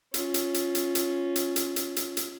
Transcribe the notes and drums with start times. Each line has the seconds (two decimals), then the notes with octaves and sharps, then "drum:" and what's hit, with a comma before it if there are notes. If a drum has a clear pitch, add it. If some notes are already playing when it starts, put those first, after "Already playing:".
0.14 C#4 F4, drum: hi-hat
0.34 drum: hi-hat
0.54 drum: hi-hat
0.75 drum: hi-hat
0.95 drum: hi-hat
1.36 drum: hi-hat
1.56 drum: hi-hat
1.76 drum: hi-hat
1.96 drum: hi-hat
2.17 drum: hi-hat